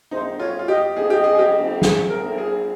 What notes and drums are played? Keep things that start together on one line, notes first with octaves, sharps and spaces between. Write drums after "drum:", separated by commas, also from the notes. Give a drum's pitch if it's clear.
D#4 C5, drum: cymbal
F4 C#5
F4
G4 D#5
G#4 D#5, drum: cymbal
G4 D#5
G#4
G#4
G4, drum: cymbal
drum: cymbal
G#4, drum: snare
A#4
drum: cymbal
G#4